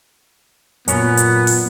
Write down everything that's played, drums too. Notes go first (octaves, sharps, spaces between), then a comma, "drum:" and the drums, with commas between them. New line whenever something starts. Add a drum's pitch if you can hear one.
F#2 A#2 B3 C#4 C#5, drum: hi-hat
drum: hi-hat
drum: open hi-hat